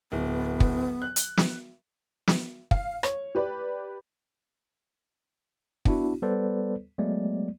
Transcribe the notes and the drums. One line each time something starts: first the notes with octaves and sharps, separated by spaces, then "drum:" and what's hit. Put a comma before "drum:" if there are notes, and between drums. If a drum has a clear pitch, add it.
D1 B3
drum: kick
F#6
drum: hi-hat
drum: snare
drum: snare
F5, drum: kick
C#5, drum: rim click
G4 B4 D5
B3 D4 E4 F#4, drum: kick
G3 B3 A4 B4 C5 D5
F#3 G#3 A3 B3 D5